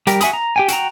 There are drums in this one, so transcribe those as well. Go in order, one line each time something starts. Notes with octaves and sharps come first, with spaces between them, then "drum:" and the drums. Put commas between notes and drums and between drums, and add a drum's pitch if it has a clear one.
G3 G4 A#4, drum: hi-hat
F#4 E5 G#5 B5 D#6, drum: hi-hat
A#5
G4 G5 G#5
F#4 G5 A#5, drum: hi-hat